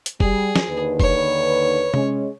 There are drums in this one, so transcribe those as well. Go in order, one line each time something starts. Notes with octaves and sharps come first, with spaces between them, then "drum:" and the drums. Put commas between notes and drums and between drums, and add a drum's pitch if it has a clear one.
drum: hi-hat
G3 G#4, drum: kick
drum: snare
D#2 D3 B4
C#5, drum: kick
G#3 C#4, drum: tom C3